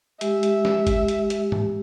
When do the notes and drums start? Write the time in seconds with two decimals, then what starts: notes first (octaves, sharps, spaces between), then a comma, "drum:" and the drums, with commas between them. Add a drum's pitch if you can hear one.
0.21 G#3 G4 E5, drum: hi-hat
0.43 drum: hi-hat
0.65 drum: snare
0.87 drum: kick G#1, hi-hat
1.08 drum: hi-hat
1.30 drum: hi-hat
1.52 drum: tom G#2